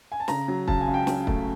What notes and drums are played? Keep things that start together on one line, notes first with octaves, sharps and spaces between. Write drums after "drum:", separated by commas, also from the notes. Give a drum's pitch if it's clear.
G#5
A5
C#3 A#5, drum: snare
F#3
C#3 A5, drum: kick
G#5
C#2
G5
F#3, drum: snare
A3, drum: kick